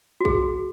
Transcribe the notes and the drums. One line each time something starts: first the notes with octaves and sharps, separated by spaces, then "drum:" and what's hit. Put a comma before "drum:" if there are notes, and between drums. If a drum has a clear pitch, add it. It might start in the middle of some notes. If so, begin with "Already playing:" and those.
F#4
G#4, drum: kick A#1